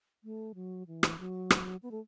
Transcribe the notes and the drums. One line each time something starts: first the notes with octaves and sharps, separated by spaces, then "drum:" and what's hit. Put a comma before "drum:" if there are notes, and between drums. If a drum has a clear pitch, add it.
A3
F#3
E3
drum: rim click
F#3
drum: rim click
B3
A3